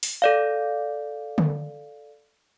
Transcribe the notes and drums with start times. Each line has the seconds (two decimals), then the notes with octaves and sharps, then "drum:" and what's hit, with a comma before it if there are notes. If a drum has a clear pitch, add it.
0.03 drum: open hi-hat
0.22 A4 D5 F5
1.38 drum: tom D3